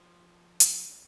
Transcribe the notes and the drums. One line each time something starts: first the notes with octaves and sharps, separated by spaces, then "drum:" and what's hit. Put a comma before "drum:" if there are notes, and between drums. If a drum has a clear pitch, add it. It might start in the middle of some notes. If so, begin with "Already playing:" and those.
Already playing: F3
drum: hi-hat